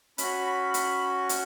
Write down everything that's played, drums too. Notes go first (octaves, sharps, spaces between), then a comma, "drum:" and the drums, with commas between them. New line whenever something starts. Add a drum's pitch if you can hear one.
C#4 F#4 B5, drum: hi-hat
B5
B5, drum: hi-hat
drum: hi-hat